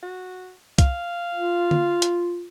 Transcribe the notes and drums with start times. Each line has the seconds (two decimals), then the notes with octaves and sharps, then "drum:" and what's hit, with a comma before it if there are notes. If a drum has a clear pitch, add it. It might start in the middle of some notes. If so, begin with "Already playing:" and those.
0.03 F#4
0.78 F5, drum: kick C2, hi-hat
1.35 F4
1.71 drum: tom D3
2.02 drum: hi-hat